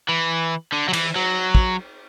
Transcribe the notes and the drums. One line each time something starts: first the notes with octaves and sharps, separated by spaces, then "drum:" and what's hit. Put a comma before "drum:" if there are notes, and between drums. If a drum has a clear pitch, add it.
E3
D3
F#3
E3, drum: cymbal
F#3
drum: kick